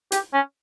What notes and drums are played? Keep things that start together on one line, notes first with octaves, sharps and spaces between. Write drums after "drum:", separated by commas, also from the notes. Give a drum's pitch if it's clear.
G4, drum: hi-hat
C#4